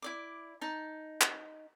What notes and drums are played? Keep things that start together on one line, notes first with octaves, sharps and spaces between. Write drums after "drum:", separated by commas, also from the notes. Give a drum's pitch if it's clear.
E4 D5 D6
D#4 A5
drum: clap